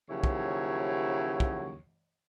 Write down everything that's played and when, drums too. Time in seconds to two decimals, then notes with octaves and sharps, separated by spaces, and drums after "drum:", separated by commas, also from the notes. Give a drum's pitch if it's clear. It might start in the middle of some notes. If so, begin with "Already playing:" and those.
0.09 D#2 C#3 F3 F#3 E4 C#5
0.24 drum: kick
1.40 drum: kick